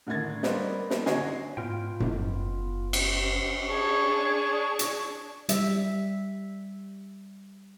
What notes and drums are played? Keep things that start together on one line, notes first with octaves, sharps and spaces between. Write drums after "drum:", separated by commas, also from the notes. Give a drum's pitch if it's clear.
A2 D3 D#3 G#6 A6
G3 A#3 B3 C5 D5 D#5, drum: snare
drum: snare
D3 F#4 C#5 D#5 G#5 C7, drum: snare
G#2 B3 F4 G5
F#1, drum: tom F#2
drum: cymbal
D4 G#4 C#5 C#6
drum: hi-hat
G3 E5, drum: hi-hat